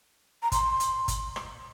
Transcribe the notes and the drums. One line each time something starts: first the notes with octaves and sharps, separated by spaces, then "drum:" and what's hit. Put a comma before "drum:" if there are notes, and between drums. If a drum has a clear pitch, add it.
A#5
C6, drum: kick, hi-hat
drum: hi-hat
drum: kick, hi-hat
drum: rim click